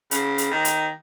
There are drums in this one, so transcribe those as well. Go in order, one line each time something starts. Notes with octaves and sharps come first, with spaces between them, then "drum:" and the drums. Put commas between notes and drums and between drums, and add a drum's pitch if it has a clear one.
C#3, drum: hi-hat
drum: hi-hat
D#3
drum: hi-hat